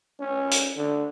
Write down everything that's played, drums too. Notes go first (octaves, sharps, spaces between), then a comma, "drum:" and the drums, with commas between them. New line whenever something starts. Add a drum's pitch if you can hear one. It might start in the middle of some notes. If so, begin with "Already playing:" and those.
C#4
drum: hi-hat
D3